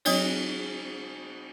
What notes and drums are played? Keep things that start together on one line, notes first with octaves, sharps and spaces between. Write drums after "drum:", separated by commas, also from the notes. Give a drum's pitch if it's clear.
F#3 C4 C#5, drum: cymbal